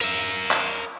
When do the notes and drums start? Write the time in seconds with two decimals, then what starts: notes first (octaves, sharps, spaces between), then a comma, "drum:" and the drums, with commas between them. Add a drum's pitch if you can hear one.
0.01 A#4 E5, drum: hi-hat
0.51 drum: clap